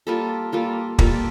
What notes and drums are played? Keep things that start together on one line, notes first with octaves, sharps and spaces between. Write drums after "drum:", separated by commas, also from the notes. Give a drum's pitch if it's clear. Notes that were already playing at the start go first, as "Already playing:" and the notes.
G3 A#3 F4 A4
G3 A#3 F4 A4
G3 A#3 F4 A4, drum: kick